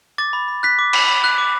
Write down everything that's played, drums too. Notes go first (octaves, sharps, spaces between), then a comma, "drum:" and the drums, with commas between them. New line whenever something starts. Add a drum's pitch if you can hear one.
D6 A6
B5
B5
F#6 B6
D6
B5, drum: cymbal
B5
F#6
D6